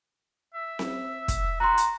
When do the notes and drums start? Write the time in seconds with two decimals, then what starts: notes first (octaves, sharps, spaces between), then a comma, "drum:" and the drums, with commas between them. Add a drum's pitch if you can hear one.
0.54 E5
0.79 drum: snare C4
1.28 drum: kick, hi-hat
1.60 F#4 A#5 C6
1.78 drum: hi-hat